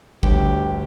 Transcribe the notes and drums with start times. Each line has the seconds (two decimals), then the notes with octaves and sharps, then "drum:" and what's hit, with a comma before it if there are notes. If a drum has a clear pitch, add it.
0.23 G1 D2 G4, drum: kick A1